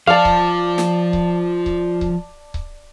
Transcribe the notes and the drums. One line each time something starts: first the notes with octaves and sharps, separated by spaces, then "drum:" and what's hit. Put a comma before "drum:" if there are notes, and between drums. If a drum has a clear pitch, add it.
F3 F4 D5 F5 A5
drum: kick C#1
drum: snare
drum: kick C#1
drum: kick C#1
drum: kick C#1
drum: kick C#1